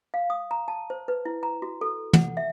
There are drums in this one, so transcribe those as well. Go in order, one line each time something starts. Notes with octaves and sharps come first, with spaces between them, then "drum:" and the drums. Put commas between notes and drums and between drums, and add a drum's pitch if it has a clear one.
F5
D#6
A#5
A5
C5
B4
E4
A#5
F#4
A4
F#5, drum: tom
E5